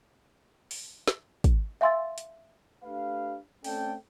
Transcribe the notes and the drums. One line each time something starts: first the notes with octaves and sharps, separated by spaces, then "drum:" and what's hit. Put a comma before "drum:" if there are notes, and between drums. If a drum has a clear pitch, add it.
drum: open hi-hat
drum: snare
drum: kick, hi-hat
E5 F5 G#5 C6 E6 A6
drum: hi-hat
A3 D4 G4 B4 F5
A3 C4 C#4 A4 D5 G5, drum: open hi-hat